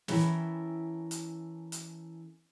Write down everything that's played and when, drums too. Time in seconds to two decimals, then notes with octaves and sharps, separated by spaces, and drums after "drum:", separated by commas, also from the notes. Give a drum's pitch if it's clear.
0.08 E3 C#4 E4 A4 A#4 G5, drum: snare
1.11 drum: hi-hat
1.72 drum: hi-hat